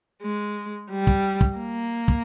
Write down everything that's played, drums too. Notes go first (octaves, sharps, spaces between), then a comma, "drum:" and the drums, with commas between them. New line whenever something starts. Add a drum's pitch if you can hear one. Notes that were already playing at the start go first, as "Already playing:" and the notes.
G#3
G3
drum: kick
drum: kick
A#3
drum: kick